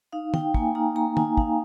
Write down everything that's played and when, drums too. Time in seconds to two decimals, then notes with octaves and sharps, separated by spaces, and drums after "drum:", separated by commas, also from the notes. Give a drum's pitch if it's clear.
0.12 D#4 F5
0.34 D#4 G5, drum: tom
0.54 A#3 G#5, drum: kick
0.75 D#4 A#5
0.96 A#3 A#5
1.17 D#4 G#5, drum: tom
1.37 D#4 F5, drum: kick